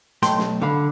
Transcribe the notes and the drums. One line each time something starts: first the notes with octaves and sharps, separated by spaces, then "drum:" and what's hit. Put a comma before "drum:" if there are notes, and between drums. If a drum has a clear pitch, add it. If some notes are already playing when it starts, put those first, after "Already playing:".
B1 A3 G5 C6, drum: hi-hat
drum: snare
D3 F5 B5